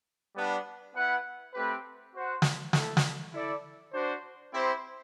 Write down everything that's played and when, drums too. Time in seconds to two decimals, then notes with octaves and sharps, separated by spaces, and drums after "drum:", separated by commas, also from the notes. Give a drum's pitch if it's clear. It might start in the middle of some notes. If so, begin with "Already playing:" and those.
0.35 G3 B3 D4
0.95 B3 E4 B4 F#5
1.54 A3 C4 G4 B4
2.15 F#4 C5 F#5
2.42 drum: snare
2.73 A3 E4 A4, drum: snare
2.97 drum: snare
3.33 E4 A4 D5
3.93 D4 F#4 C5
4.52 C4 E4 G4 C5